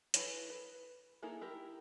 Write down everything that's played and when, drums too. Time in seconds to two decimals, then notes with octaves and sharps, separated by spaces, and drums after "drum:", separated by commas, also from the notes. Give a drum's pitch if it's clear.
0.14 E4 G#4 A4 B4 C#5, drum: hi-hat
0.50 B4
1.23 A#3 D#4 E4 G#4 A4
1.41 E4 G4 A#4